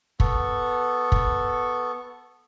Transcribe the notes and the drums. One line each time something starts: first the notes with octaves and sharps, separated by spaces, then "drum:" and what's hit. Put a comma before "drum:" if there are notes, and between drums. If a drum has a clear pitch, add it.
B3 A4 C#6, drum: kick
drum: kick